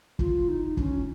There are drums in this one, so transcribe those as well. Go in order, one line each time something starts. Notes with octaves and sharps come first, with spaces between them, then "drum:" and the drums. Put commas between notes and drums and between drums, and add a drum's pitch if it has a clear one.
F4, drum: kick
D#4
D4, drum: kick
C#4